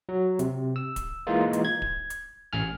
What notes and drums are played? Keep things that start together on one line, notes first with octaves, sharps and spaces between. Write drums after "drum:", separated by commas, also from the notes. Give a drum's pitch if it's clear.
F#3
C3, drum: hi-hat
E6
drum: kick D1, hi-hat
E3 G#3 A#3 D#4 F4
drum: hi-hat
G#6
drum: kick D1
drum: hi-hat
A1 G#5 F6